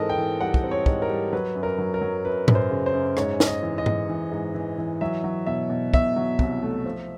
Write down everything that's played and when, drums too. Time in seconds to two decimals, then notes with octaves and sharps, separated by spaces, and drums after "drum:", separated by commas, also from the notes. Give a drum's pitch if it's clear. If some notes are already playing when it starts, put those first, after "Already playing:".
Already playing: G#2 E3 C4 A4 A#4 D#5
0.10 G5
0.17 E3
0.40 G3 F#5
0.54 drum: kick
0.63 C4
0.71 C#5
0.86 G#2, drum: kick
1.02 A#4
1.10 G3
1.33 F#3 B4
1.55 F#2
1.63 A#4
1.78 F#3
1.94 A#4
2.01 F#3
2.25 F#2 B4
2.48 F#2, drum: tom G#2
2.55 C5
2.71 C#3
2.86 C5
2.94 F#2
3.17 G#2 C#5, drum: rim click
3.40 G#2, drum: snare
3.47 D#5
3.63 E3
3.78 D#5
3.86 G#2, drum: tom G#2
4.10 E3
4.32 G#2
4.54 E3
4.78 E3
5.01 F#3 E5
5.24 F#3
5.46 B2 E5
5.70 B2
5.94 B2 E5, drum: kick
6.16 F#3
6.39 C2, drum: kick
6.63 A3
6.86 F3